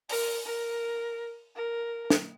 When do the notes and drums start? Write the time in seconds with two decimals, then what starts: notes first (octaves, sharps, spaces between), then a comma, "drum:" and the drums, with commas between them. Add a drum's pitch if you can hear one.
0.09 A#4, drum: open hi-hat
0.46 A#4
1.56 A#4
2.10 drum: snare